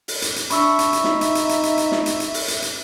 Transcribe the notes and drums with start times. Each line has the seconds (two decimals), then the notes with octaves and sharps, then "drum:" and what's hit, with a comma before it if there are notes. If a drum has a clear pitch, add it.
0.08 drum: open hi-hat
0.22 drum: hi-hat
0.36 drum: hi-hat
0.50 D4 E5 B5 C#6 E6, drum: hi-hat
0.79 drum: hi-hat
0.93 drum: hi-hat
1.04 D#4, drum: snare
1.21 drum: hi-hat
1.35 drum: hi-hat
1.49 drum: hi-hat
1.63 drum: hi-hat
1.78 drum: hi-hat
1.92 drum: snare
2.06 drum: hi-hat
2.20 drum: hi-hat
2.34 drum: open hi-hat
2.48 drum: hi-hat
2.62 drum: hi-hat